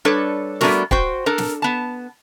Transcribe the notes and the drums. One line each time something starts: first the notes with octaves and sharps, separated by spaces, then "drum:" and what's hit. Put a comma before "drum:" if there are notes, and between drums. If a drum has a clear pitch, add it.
G3 D4 A4 B4 C#5
G3 A3 B3 D4 F#4 A#4, drum: snare
F#4 C5 G5, drum: kick
D4 A4 A#4
drum: snare
B3 A5